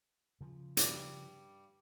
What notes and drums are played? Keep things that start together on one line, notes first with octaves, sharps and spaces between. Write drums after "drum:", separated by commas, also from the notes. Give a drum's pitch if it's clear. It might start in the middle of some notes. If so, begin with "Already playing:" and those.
C#3 F3
G2 G3 D5, drum: hi-hat